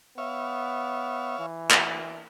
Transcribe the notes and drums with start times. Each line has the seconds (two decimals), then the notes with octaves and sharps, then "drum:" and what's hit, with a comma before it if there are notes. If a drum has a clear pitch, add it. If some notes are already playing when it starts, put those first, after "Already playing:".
0.18 B3 C#5 E5 F5
1.39 E3
1.71 drum: clap